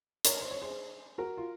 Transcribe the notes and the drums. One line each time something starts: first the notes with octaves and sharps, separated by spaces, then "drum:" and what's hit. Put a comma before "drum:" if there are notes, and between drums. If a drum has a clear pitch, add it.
A#4 C#5, drum: hi-hat
C5
C#5
G#4 C5
F#4 A#4
F4